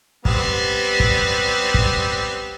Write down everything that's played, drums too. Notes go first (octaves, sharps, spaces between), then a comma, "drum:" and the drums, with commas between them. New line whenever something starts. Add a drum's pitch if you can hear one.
G3 B3 C4, drum: kick
drum: kick
drum: kick